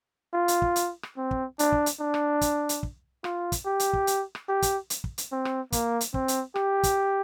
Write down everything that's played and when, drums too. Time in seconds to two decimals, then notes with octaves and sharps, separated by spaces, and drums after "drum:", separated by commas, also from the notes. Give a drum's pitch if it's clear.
0.34 F4
0.48 drum: hi-hat
0.62 drum: kick
0.76 drum: hi-hat
1.03 drum: rim click
1.17 C4
1.31 drum: kick
1.59 D4, drum: hi-hat
1.72 drum: kick
1.86 drum: hi-hat
2.00 D4
2.14 drum: rim click
2.41 drum: kick, hi-hat
2.69 drum: hi-hat
2.83 drum: kick
3.24 F4, drum: rim click
3.52 drum: kick, hi-hat
3.66 G4
3.80 drum: hi-hat
3.93 drum: kick
4.07 drum: hi-hat
4.35 drum: rim click
4.49 G4
4.62 drum: kick, hi-hat
4.90 drum: hi-hat
5.04 drum: kick
5.18 drum: hi-hat
5.32 C4
5.45 drum: rim click
5.72 A#3, drum: kick, hi-hat
6.01 drum: hi-hat
6.14 C4, drum: kick
6.28 drum: hi-hat
6.55 G4, drum: rim click
6.83 drum: kick, hi-hat